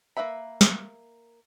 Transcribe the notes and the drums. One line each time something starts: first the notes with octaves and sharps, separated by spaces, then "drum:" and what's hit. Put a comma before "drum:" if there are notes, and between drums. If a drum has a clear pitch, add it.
A#3 F#4 B4 E5 B5
drum: snare